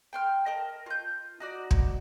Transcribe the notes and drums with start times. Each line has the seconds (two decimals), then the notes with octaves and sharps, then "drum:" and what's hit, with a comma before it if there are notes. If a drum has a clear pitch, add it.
0.13 G5 C6 F6
0.45 A#4 D#5 A5
0.86 F4 G6
1.40 D#4 F#4 D5
1.71 drum: kick